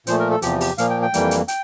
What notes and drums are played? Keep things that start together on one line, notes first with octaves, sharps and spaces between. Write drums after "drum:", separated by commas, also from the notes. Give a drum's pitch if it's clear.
A#2 F3 A3 C5, drum: hi-hat
A#4
A4
E2 C3 F3 G4, drum: hi-hat
G4, drum: open hi-hat
A#2 F3 A#3 F5, drum: hi-hat
G5
G5
F2 E3 G3 A#3, drum: hi-hat
drum: hi-hat
G5, drum: hi-hat